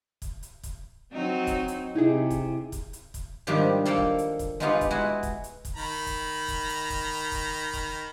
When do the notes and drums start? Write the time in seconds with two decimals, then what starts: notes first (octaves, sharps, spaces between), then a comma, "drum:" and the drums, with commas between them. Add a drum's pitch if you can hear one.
0.22 drum: kick, hi-hat
0.43 drum: hi-hat
0.63 drum: kick, hi-hat
1.12 F#3 C4 D#4
1.47 drum: kick, hi-hat
1.68 drum: hi-hat
1.95 C3 D#4 E4 G#4
2.30 drum: kick, hi-hat
2.72 drum: kick, hi-hat
2.93 drum: hi-hat
3.14 drum: kick, hi-hat
3.47 G#2 D#3 F3 G3 D4 G4
3.85 A#3 A4 F5 G5
3.98 drum: kick
4.18 drum: hi-hat
4.39 drum: kick, hi-hat
4.60 G#3 B3 D#4 F4 G4 F5
4.81 drum: kick, hi-hat
4.91 G#3 E4 F#4
5.23 drum: kick, hi-hat
5.44 drum: hi-hat
5.65 drum: kick, hi-hat
5.76 D#3 A#5 B5
6.06 drum: kick, hi-hat
6.48 drum: kick, hi-hat
6.69 drum: hi-hat
6.90 drum: kick, hi-hat
7.32 drum: kick, hi-hat
7.73 drum: kick, hi-hat